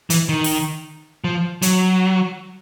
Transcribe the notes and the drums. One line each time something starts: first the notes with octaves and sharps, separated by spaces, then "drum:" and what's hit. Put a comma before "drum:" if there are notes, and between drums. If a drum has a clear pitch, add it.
E3, drum: hi-hat
D#3
drum: open hi-hat
F3
F#3, drum: hi-hat